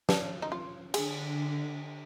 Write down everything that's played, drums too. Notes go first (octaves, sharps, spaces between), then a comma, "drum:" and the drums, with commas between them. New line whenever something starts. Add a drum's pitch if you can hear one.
D4, drum: snare
D#4
F4
D3 G#4, drum: cymbal